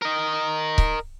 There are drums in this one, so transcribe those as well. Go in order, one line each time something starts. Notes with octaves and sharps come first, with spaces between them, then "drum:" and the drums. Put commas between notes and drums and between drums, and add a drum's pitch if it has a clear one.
A#4 D#5
drum: kick C#1